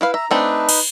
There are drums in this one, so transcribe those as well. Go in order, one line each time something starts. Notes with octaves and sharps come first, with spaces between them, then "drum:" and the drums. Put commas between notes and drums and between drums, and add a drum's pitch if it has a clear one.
E4 B4 F5
E5 A#5
A3 C4 D4 D#4 B4
drum: cymbal